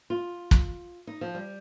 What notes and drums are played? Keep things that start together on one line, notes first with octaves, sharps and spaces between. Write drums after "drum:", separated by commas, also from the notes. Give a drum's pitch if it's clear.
F4
drum: kick
D#4
F3
G3